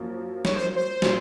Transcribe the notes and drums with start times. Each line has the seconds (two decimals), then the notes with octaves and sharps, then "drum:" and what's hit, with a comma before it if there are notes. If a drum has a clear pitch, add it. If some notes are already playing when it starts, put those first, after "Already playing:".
Already playing: F#2 F3 A#3
0.45 C#5, drum: snare
0.55 C5
0.76 C5
1.02 A#2 F#3 C#4, drum: snare